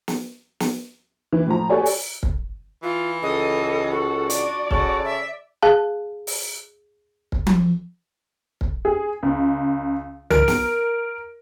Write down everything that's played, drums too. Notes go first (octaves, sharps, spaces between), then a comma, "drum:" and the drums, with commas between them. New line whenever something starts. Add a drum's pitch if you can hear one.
drum: snare
drum: snare
E3
A2 F3 A#5
F#4 G4 A4 C#5 D5 G#5
drum: open hi-hat
drum: kick
E3 F4
C#2 A4 D#5
F#4
D4 D5, drum: hi-hat
C#3 F#4 A4, drum: kick
E5
G#4 F5 A5
drum: open hi-hat
drum: kick
drum: tom F3
drum: kick
G#4
C#2
A#4, drum: tom C2
drum: snare